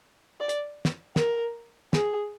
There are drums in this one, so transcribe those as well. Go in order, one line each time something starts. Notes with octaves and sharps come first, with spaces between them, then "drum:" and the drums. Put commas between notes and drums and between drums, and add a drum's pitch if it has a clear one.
D5
drum: hi-hat
drum: snare
A#4, drum: snare
G#4, drum: snare